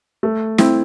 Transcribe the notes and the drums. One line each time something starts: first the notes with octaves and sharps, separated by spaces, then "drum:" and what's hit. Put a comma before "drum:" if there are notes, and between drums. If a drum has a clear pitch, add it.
A3
C4 E4, drum: snare